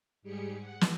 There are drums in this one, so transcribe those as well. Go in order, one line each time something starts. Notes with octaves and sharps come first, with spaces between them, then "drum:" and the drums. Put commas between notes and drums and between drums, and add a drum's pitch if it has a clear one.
G#2 G3 G4 G#4 C#7
F#5
drum: snare